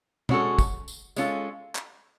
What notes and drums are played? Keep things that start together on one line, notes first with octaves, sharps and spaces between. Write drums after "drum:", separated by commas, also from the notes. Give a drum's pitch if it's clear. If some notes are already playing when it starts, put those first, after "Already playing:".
G#3 C#4 F#4 A4, drum: tom B2
drum: kick, tambourine
drum: tambourine
G#3 C#4 F4 A4, drum: tambourine
drum: clap